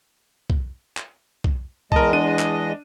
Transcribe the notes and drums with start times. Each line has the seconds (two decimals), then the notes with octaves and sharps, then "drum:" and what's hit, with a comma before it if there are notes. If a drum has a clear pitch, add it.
0.50 drum: kick
0.97 drum: clap
1.44 drum: kick
1.92 E2 G#3 A#4 D#5 A5, drum: kick
2.13 D4 D#7
2.39 drum: clap